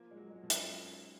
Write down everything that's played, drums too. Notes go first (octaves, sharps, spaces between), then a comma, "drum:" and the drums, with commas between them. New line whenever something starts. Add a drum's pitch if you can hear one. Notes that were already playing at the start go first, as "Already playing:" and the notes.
Already playing: F3 A#3
G#3
F#3
G#3
F#3
F3
F#2, drum: hi-hat
F#2
D#4